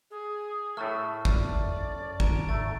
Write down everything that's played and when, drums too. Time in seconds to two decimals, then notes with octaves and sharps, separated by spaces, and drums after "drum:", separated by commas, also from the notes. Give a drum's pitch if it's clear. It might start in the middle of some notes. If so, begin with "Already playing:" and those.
0.10 G#4
0.77 A2 A3 A5 C#6 F6
1.25 E2 D5, drum: kick
1.63 F#2
2.20 D#3 A#5 D7, drum: kick
2.49 G#2 A3 A6